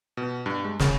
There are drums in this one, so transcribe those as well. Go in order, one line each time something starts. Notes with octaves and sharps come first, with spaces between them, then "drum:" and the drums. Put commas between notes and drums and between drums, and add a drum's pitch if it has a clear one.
B2
G2
G#3
C#3, drum: snare